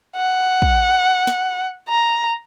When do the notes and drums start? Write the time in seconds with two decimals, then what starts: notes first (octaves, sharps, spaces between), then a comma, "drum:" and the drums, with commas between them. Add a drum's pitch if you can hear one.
0.16 F#5
0.62 drum: kick
1.27 drum: snare
1.89 A#5